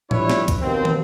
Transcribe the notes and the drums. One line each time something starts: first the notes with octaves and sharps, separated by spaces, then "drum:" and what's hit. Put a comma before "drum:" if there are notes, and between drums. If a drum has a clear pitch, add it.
F3 G3 D4 E4 B4 C#5, drum: tom A2
drum: snare
drum: kick, hi-hat
D#2 B2 A#3 C4
drum: tom